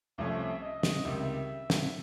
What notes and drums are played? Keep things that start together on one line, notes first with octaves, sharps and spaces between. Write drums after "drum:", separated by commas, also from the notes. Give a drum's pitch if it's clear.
C2 C3 F3 A3 C#4 E5
D#5
drum: snare
C#2 C3 D#3 G3 E5
drum: snare